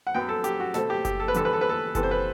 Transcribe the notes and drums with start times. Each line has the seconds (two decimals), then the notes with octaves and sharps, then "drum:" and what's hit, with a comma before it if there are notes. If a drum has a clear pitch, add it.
0.07 F#5
0.14 F#2 F#3 B3 G5
0.29 A4
0.44 G4, drum: hi-hat
0.60 F#4
0.74 B2 A3 C4 A4, drum: snare
0.90 G4
1.05 G4, drum: kick F#1, hi-hat
1.20 A4
1.28 B4
1.34 E2 D3 G3 A4, drum: hi-hat
1.45 B4
1.53 A4
1.61 B4
1.69 A4
1.95 C3 E3 B3 A4, drum: kick F#1, hi-hat
2.03 C5
2.11 B4